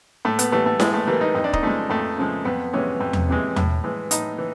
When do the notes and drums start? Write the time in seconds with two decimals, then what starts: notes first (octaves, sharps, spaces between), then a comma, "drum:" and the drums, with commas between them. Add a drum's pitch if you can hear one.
0.25 A2 A3
0.39 B3, drum: hi-hat
0.52 E3 G3 A3
0.66 A3
0.80 A2 G#3, drum: snare E4
0.94 A3
1.07 E3 G3 A#3
1.21 D#4
1.35 F2 D#4
1.44 D4
1.53 D#4, drum: kick D#1
1.63 C#3 F3 G#3 A3
1.90 F2 A3
2.18 C#3 F3 G#3
2.45 F2 B3
2.73 C3 E3 G#3 C#4
3.01 F2
3.13 drum: tom E2
3.29 C3 E3 G#3
3.56 A2, drum: tom E2
3.84 E3 G#3
4.11 A2 D#4, drum: hi-hat
4.38 E3